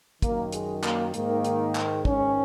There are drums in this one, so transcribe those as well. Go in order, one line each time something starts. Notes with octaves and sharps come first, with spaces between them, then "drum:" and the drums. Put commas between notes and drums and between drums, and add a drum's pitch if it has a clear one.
F#2 D#3 A#3, drum: kick, hi-hat
G#3, drum: hi-hat
A#3, drum: clap
G#2 D#3 A#3, drum: hi-hat
drum: hi-hat
drum: clap
G#2 D#3 C#4, drum: kick